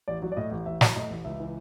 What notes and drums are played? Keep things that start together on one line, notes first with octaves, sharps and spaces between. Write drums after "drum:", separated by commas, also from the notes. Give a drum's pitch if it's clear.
A1 D5
F#3
D5
A2 D#5
A1
A1 E5
F#3, drum: snare
A2 D#5
A1
C#2 E5
E3